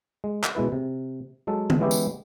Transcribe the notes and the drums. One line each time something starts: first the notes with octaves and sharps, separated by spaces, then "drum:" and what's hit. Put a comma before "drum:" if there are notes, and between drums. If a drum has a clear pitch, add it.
G#3
drum: clap
B2 G#3 E4 B4
C3
F#3 G#3 A4
drum: tom
E3 G#3 B3 C#4 E4 G4
drum: tambourine